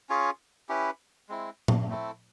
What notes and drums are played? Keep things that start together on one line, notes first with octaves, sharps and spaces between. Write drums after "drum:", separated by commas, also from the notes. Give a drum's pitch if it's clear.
C#4 F4 G#4 C#5
C#4 E4 G4 B4
G#3 C4 E4
drum: tom A#2
A3 C4 E4 A4